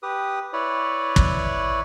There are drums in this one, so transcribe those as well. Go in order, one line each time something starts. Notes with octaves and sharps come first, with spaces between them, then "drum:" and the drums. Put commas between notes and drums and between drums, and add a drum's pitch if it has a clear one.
G4 B4 D#6
E4 B4 C#5 D5
drum: kick